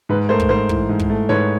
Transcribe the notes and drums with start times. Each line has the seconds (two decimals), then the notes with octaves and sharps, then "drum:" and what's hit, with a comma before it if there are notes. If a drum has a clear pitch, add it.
0.09 G#2 B4
0.29 A3 A#4 C5
0.40 drum: kick
0.49 G#2 A#4 C5
0.69 E3, drum: kick
0.89 G#2
0.99 drum: kick
1.10 A3
1.29 G#2 B4 C#5